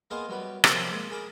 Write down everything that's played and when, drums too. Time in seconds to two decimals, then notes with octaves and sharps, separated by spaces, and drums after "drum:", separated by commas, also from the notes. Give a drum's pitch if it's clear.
0.10 A#3 B3 G#4 C5 D#5 F5
0.29 F#2 G3 B3 B4
0.64 C3 F3 A#3 C4 C#4, drum: rim click
0.91 G#3 A#3
1.11 G#4 A#4 B5 D6